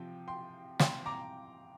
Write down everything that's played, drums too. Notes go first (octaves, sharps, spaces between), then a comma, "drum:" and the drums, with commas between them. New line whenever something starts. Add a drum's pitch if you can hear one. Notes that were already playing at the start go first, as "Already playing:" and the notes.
Already playing: C3 F3 C4 G5
G5 C6
G5 C6, drum: snare
A#5 D6